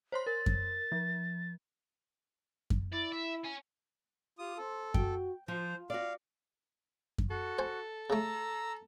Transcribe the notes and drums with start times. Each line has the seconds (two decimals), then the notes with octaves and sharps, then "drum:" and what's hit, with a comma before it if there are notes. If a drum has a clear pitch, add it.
0.12 C5 C#5 C6
0.27 A#4 A6
0.46 drum: kick F#2
0.92 F3
2.70 drum: kick F#2
2.93 E4 D5
3.12 E5
3.45 C#5 G#5
4.39 F4 G4 D#6
4.58 C4 A4
4.94 F#4 G5, drum: kick F#2
5.48 F3 F4 C5
5.90 F#4 D5 F5
7.18 drum: kick F#2
7.31 F#4 A4
7.59 C5 G#5
8.10 C#3 A3 A#5 E6